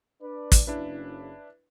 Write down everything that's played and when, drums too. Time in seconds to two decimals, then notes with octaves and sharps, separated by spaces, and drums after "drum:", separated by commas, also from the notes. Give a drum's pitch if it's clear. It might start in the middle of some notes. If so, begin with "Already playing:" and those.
0.22 D4 B4 D5
0.52 drum: kick, hi-hat
0.67 F#1 C#3 D4 E4 B4